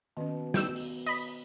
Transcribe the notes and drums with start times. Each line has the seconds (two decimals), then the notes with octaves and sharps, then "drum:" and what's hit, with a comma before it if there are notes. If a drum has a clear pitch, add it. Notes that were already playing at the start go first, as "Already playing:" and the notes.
0.17 B2 D#3 C#4
0.54 G5 E6, drum: snare
0.76 drum: open hi-hat
1.06 D#5 B5, drum: open hi-hat